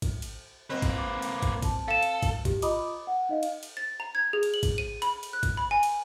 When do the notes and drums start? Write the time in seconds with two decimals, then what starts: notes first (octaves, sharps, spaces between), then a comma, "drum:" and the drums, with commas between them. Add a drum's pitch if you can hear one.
0.02 drum: kick, cymbal
0.22 drum: cymbal
0.70 A#3 C4 B4 D#5
0.82 drum: kick, cymbal
0.96 D6
1.22 drum: cymbal
1.42 drum: kick, cymbal
1.62 A5, drum: kick, cymbal
1.88 A4 F5 E7
2.03 drum: cymbal
2.23 drum: kick, cymbal
2.45 G4, drum: kick, cymbal
2.62 F4 D#5 A#5 B5 D6 D#6, drum: cymbal
3.07 F#5
3.29 D#4 D#5 F5
3.43 drum: cymbal
3.63 drum: cymbal
3.77 A6
4.00 A#5
4.15 G#6
4.33 G#4
4.43 drum: cymbal
4.54 F#7
4.63 drum: kick, cymbal
4.78 D#7
5.02 B5, drum: cymbal
5.23 drum: cymbal
5.33 F#6
5.43 drum: kick, cymbal
5.57 B5
5.71 G#5
5.83 drum: cymbal